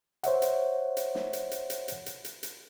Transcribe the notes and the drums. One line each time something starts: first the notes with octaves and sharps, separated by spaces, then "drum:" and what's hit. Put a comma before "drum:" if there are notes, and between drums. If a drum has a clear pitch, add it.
C5 C#5 E5 F#5, drum: hi-hat
drum: hi-hat
drum: hi-hat
drum: snare
drum: hi-hat
drum: hi-hat
drum: hi-hat
drum: hi-hat
drum: hi-hat
drum: hi-hat
drum: hi-hat